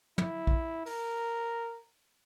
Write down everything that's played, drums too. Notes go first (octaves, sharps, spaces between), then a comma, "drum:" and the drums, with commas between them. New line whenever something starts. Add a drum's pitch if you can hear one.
E4, drum: tom
drum: kick A#1
A#4, drum: open hi-hat